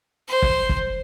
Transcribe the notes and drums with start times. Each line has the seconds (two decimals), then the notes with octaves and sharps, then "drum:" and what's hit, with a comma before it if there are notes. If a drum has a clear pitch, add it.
0.29 C5
0.42 drum: kick
0.69 drum: kick